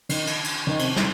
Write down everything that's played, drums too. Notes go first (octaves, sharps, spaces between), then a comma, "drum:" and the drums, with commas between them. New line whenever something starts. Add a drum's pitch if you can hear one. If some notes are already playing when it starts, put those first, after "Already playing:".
D#3, drum: cymbal
drum: cymbal
drum: cymbal
D#3
C3, drum: cymbal
drum: snare